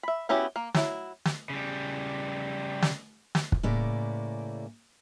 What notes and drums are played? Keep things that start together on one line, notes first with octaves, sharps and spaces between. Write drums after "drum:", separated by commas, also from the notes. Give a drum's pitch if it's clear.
E5 B5
B3 C#4 E4 F#4 G4
A#3
F#3 E4, drum: snare
drum: snare
C#3 G3
drum: snare
drum: snare
drum: kick
A2 C#3 A#3 D5